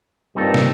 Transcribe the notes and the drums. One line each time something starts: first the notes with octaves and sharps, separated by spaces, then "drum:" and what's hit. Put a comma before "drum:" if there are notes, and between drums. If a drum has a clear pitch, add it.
G2 A#2 G3 C4 D#4 A4
drum: snare